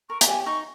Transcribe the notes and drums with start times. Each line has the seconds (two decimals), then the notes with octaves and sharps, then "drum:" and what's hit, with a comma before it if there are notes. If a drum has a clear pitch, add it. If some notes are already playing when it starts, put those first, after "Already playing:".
0.10 A#4 C#6
0.21 G#4 A#5, drum: hi-hat
0.28 G4 G#5
0.46 D#4 C#6